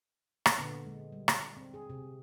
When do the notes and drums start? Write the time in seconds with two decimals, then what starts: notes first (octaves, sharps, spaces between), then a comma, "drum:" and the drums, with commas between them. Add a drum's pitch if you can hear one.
0.46 drum: rim click
0.58 A#2 D3 B3
0.86 G#3
1.12 G3
1.28 drum: rim click
1.57 C4
1.74 G#4
1.90 C3